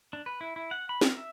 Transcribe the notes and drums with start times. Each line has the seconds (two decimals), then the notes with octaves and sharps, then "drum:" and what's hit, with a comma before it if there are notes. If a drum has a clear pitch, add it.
0.13 D4
0.26 B4
0.41 E4
0.56 E4
0.71 F#5
0.89 B5
1.01 A#4, drum: snare
1.17 E5